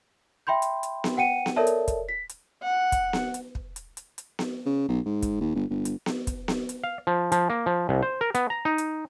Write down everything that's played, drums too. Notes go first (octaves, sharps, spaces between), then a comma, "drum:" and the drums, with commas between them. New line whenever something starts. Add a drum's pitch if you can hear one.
E5 G5 B5 C6 G6
drum: hi-hat
drum: hi-hat
drum: snare B3
F#5 G5 C#7 D#7
drum: snare B3
A4 A#4 C#5 D5 E5 A5
drum: hi-hat
drum: kick, hi-hat
B6
drum: hi-hat
F#5
drum: kick, hi-hat
drum: snare B3
drum: hi-hat
drum: kick
drum: hi-hat
drum: hi-hat
drum: hi-hat
drum: snare B3
C#3
B1
G#2
drum: kick, hi-hat
D#2
G1
G1
drum: hi-hat
drum: snare B3
drum: kick, hi-hat
drum: snare B3
drum: hi-hat
F5
F3
F3, drum: hi-hat
A#3
F3
C2
C5
A#4
B3, drum: hi-hat
A#5
D#4
drum: hi-hat